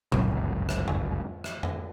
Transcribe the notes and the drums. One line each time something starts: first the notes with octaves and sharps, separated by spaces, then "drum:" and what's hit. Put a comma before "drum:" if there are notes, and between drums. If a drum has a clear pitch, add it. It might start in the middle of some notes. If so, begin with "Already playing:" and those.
G1 C#2 F#2, drum: tom A#2
drum: rim click
drum: tom F2
drum: rim click
drum: tom F2